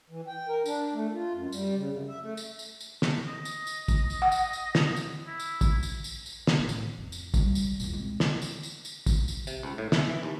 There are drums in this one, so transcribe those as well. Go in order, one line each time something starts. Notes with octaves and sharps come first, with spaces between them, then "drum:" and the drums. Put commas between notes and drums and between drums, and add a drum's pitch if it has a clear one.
E3
G5
A#4
D4, drum: tambourine
A3
F4
F#2
G3, drum: tambourine
C#3
F#2
E5
A3
drum: tambourine
drum: tambourine
drum: tambourine
drum: snare
D#5
drum: tambourine
drum: tambourine
drum: kick, tambourine
drum: tambourine
F#5
drum: tambourine
drum: tambourine
drum: snare
drum: tambourine
E4
drum: tambourine
drum: kick, tambourine
drum: tambourine
drum: tambourine
drum: tambourine
drum: snare
A2
drum: tambourine
F2
drum: tambourine
C#2 G3, drum: kick, tambourine
drum: tambourine
E2 A#2, drum: tambourine
G#3 C4
drum: snare
drum: tambourine
drum: tambourine
drum: tambourine
drum: kick, tambourine
drum: tambourine
C3, drum: tambourine
C#2
A2
E5, drum: snare
E3
D#2